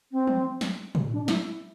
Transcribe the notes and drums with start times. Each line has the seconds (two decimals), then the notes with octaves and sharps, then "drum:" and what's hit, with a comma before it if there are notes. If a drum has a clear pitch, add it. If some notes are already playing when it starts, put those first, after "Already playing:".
0.11 C4
0.27 drum: tom
0.61 drum: snare
0.95 drum: tom
1.12 D4
1.24 D4
1.28 E4, drum: snare